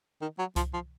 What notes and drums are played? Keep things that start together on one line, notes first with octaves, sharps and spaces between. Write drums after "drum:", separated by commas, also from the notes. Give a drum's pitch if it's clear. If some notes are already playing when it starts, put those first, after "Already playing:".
D#3
F#3
F3, drum: kick C2, hi-hat
F3